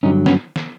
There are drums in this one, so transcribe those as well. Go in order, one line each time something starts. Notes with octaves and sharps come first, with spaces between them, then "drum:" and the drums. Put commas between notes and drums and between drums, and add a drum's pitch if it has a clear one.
G2 D3 F#3 C#4 D#4
B3 C#4, drum: snare
drum: snare